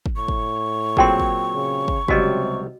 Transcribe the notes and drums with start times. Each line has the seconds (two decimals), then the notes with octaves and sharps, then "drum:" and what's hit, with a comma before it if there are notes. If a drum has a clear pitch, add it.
0.06 drum: kick
0.16 A2 C#6
0.28 drum: kick
0.97 A#2 F#3 C4 G#4 G5 C6, drum: kick
1.20 drum: kick
1.54 C#3
1.88 drum: kick
2.08 C#2 C3 F#3 G3 F#4 D#5, drum: kick